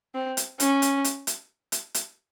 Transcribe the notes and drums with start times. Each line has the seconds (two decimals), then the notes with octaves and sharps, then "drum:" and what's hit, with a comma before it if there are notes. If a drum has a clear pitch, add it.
0.15 C4
0.37 drum: hi-hat
0.60 C#4, drum: hi-hat
0.82 drum: hi-hat
1.04 drum: hi-hat
1.27 drum: hi-hat
1.72 drum: hi-hat
1.94 drum: hi-hat